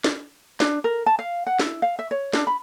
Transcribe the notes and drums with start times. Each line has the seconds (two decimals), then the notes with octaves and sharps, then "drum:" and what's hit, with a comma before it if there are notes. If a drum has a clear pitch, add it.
0.04 drum: snare
0.60 D4, drum: snare
0.84 A#4
1.06 A5
1.19 F5
1.47 F#5
1.59 E4, drum: snare
1.82 F5
1.99 E5
2.11 C#5
2.33 D4, drum: snare
2.47 B5